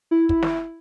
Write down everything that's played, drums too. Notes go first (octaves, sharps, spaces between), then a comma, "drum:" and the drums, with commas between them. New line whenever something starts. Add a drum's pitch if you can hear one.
E4
E4, drum: kick
drum: snare